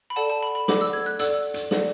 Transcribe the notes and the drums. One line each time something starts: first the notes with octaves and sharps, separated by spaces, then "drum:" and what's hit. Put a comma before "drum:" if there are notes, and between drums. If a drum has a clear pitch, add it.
B5
A4 D5 F#5 A5
A5
B5
B5
A4 D5 F#5 D6, drum: snare
E6
G#6
F#6
A4 D5 F#5 E6, drum: hi-hat
drum: hi-hat
A4 D5 F#5, drum: snare